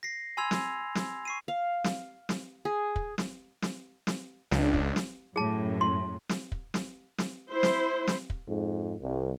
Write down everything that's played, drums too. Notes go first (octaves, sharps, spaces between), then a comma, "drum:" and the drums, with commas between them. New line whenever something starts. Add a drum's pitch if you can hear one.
A#6 C7
G#5 B5 C6 E6 G#6 F7
drum: snare
drum: snare
C#6 C7 D#7
F5
drum: snare
drum: snare
G#4
drum: kick
drum: snare
drum: snare
drum: snare
C#2 D4, drum: snare
drum: kick
drum: snare
F#2 A2 G#4 A5
C6
drum: snare
drum: kick
drum: snare
drum: snare
E4 C5
drum: snare
drum: snare
drum: kick
F2 G#2
C2